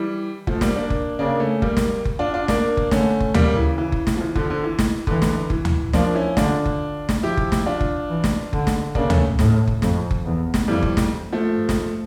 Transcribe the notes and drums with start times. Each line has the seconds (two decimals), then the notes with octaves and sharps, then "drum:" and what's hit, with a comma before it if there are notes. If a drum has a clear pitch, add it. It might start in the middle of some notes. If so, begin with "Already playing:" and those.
Already playing: E3 G3
0.47 F3 A3, drum: kick F#1
0.61 G3 A#3, drum: snare
0.76 A#3 D4
0.90 drum: kick F#1
1.19 C#3 A#3 D4
1.40 A3 C#4
1.62 G3 A#3, drum: kick F#1
1.77 drum: snare
2.05 drum: kick F#1
2.19 D4 F4
2.34 D4 F4
2.48 A#3 D4, drum: snare
2.77 drum: kick F#1
2.91 D3 A3 C#4, drum: snare
3.20 drum: kick F#1
3.34 C#3 G3 A#3, drum: tom D2
3.57 E3
3.78 E3
3.92 drum: kick F#1
4.07 drum: snare
4.17 F3
4.21 E3
4.35 D3 F3, drum: kick F#1
4.50 D3 F3
4.64 E3
4.79 drum: snare
5.07 D3 E3, drum: kick F#1
5.22 drum: snare
5.50 E3, drum: kick F#1
5.65 drum: tom D2
5.93 F3 A#3 D4, drum: snare
6.15 C#4 E4
6.37 D3 D4 F4, drum: snare
6.65 drum: kick F#1
7.09 drum: snare
7.23 F3 E4 G4
7.37 drum: kick F#1
7.52 drum: snare
7.66 D4 F4
7.81 drum: kick F#1
8.09 E3
8.24 drum: snare
8.53 D3, drum: kick F#1
8.67 drum: snare
8.95 C#3 A#3 D4, drum: kick F#1
9.10 A3 C#4, drum: tom D2
9.39 A2, drum: snare
9.67 drum: kick F#1
9.82 F2, drum: snare
10.11 drum: kick F#1
10.25 E2
10.54 drum: snare
10.68 F2 E3 G3
10.82 drum: kick F#1
10.97 drum: snare
11.33 F3 A3
11.55 G2
11.69 drum: snare